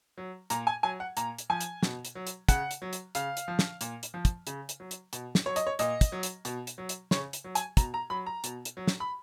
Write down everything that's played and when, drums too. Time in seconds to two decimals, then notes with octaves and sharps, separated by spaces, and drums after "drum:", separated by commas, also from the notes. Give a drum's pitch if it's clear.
0.18 F#3
0.50 A#2 A#5, drum: hi-hat
0.67 G#5
0.83 F#3 G#5
1.00 F#5
1.17 A#2 A#5, drum: hi-hat
1.39 drum: hi-hat
1.50 F3 G#5
1.61 drum: hi-hat
1.83 B2, drum: snare
2.05 drum: hi-hat
2.15 F#3
2.27 drum: hi-hat
2.49 C#3 F#5, drum: kick, hi-hat
2.71 drum: hi-hat
2.82 F#3
2.93 drum: hi-hat
3.15 C#3 F5, drum: hi-hat
3.37 drum: hi-hat
3.48 F3
3.59 drum: snare
3.81 A#2, drum: hi-hat
4.03 drum: hi-hat
4.14 F3
4.25 drum: kick, hi-hat
4.47 C#3, drum: hi-hat
4.69 drum: hi-hat
4.80 F#3
4.91 drum: hi-hat
5.13 B2, drum: hi-hat
5.35 drum: snare
5.46 F#3 C#5
5.56 D#5, drum: hi-hat
5.67 C#5
5.79 A#2 D#5, drum: hi-hat
6.01 drum: kick, hi-hat
6.12 F#3
6.23 drum: hi-hat
6.45 B2, drum: hi-hat
6.67 drum: hi-hat
6.78 F#3
6.89 drum: hi-hat
7.11 C#3 C#5, drum: snare
7.33 drum: hi-hat
7.44 F#3
7.55 G#5, drum: hi-hat
7.77 B2 A#5, drum: kick, hi-hat
7.94 A#5
8.10 F#3 B5
8.26 A#5
8.44 B2, drum: hi-hat
8.65 drum: hi-hat
8.77 F#3
8.87 drum: snare
9.00 B5